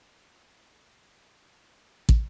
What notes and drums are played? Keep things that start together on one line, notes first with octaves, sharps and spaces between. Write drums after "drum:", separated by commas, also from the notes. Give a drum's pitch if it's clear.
G#5
E1 E2 D#3 F#4 F#5
G#1 G#2 E3 A#3 B4
C#2 C#3 F#3 A#3 E4 C#5
drum: kick